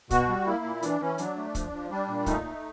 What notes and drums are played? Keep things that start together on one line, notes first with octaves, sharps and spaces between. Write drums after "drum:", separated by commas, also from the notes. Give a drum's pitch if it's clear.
B2 F#4, drum: kick, hi-hat
G3
A#3 E4
A#2
E3 D4, drum: hi-hat
E3 C#4
F#3 D4, drum: hi-hat
A3
F3, drum: kick, hi-hat
F3
G3 D4
A#2
A3 D#4, drum: kick, hi-hat
A3